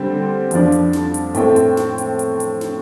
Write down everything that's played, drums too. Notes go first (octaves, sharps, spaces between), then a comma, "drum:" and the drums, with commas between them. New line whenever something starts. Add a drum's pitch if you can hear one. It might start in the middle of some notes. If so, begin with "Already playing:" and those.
Already playing: D3 G3 C4
F2 F3 D4, drum: hi-hat
drum: hi-hat
drum: snare
drum: hi-hat
A2 A3 C4 G5, drum: hi-hat
drum: hi-hat
drum: snare
drum: hi-hat
drum: hi-hat
drum: hi-hat
drum: snare